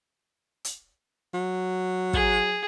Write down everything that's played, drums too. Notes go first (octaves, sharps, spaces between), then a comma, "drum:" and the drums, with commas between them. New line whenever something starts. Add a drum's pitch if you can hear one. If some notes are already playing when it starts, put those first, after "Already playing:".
drum: hi-hat
F#3
G#4, drum: kick